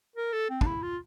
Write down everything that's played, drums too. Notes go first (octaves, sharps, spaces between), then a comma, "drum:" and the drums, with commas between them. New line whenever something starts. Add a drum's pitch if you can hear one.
A#4
A4
C4
D4, drum: kick
E4
F4